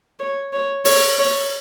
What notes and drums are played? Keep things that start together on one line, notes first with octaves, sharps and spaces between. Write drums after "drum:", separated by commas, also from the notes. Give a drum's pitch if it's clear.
C#5
C#5
C#5, drum: open hi-hat
C#5